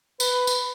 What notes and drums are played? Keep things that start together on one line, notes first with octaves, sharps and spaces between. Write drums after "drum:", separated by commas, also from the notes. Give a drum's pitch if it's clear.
B4, drum: tambourine
drum: tambourine